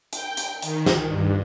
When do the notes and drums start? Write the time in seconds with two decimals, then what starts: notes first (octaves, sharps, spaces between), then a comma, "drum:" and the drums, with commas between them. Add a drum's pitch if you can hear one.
0.13 G5, drum: hi-hat
0.37 drum: hi-hat
0.62 D#3, drum: hi-hat
0.86 drum: snare
1.06 G2